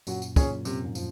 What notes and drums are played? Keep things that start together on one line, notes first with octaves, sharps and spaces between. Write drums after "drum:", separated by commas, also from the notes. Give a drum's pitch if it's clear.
F#2 A#2 F#3, drum: tambourine
drum: tambourine
F#2 A#2 C#4 G#4 C#5, drum: kick, tambourine
F#2 C3, drum: tambourine
F2 G#2
F3, drum: tambourine